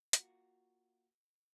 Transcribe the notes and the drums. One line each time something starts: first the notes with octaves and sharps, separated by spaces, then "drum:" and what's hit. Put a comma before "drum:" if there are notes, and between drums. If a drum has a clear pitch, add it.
A#3 F4 F#4, drum: hi-hat